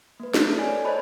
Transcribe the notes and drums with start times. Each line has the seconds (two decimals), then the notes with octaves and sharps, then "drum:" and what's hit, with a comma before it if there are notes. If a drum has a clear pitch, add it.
0.20 A#3 B4
0.34 A3, drum: snare
0.57 A4 C#5 D5 G#5
0.85 C5 C#5 D#5 A5 B5